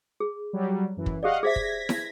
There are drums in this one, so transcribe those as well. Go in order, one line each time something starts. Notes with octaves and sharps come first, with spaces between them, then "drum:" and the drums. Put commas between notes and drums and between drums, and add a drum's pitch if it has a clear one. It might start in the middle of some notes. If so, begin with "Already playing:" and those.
G#4
F#3 G3
F#2 E3
drum: kick
G4 G#4 D5 D#5 F5 F#5
G#4 C5 E5 G#6 A#6 B6
drum: kick
drum: snare E4